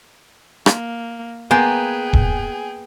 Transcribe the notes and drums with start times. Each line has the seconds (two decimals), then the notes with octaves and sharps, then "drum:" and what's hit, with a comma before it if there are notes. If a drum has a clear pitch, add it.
0.66 A#3, drum: rim click
1.51 A#3 B3 G#4 G5 G#5 C6 G6
2.13 drum: kick